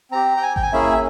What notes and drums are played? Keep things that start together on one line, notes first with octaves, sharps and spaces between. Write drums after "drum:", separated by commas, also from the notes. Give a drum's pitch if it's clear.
C4 G4 A#5
G5
G#5
G5, drum: kick G#1
G#5
A#3 C#4 E4 G#4 E5